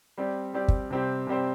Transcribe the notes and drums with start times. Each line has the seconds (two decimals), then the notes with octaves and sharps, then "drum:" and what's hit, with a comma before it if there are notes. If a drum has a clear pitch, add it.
0.18 G3 C4 G4 D5
0.54 G3 C4 G4 D5
0.68 drum: kick
0.91 C3 G3 C4 G4 C5
1.27 C3 G3 C4 G4 C5